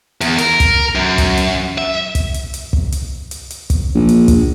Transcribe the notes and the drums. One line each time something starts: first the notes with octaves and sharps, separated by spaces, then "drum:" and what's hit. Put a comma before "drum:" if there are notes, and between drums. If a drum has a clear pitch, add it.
E2, drum: hi-hat
A#4, drum: hi-hat
drum: kick, hi-hat
F#2
drum: kick, hi-hat
drum: hi-hat
E5
drum: kick, hi-hat
drum: hi-hat
drum: hi-hat
drum: kick
drum: hi-hat
drum: hi-hat
drum: hi-hat
drum: kick, hi-hat
A#1
drum: hi-hat
drum: kick, hi-hat